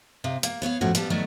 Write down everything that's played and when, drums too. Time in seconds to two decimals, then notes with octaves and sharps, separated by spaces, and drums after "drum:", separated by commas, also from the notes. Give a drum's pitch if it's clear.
0.24 C3 D#4 F5
0.43 A#3, drum: hi-hat
0.62 B3 C#5 D5 F5
0.81 A2 F3 A3 C#4 F#4
0.95 G2 G3 B3 A5, drum: hi-hat
1.10 D#3 F#3 A3 B3 F#4 D5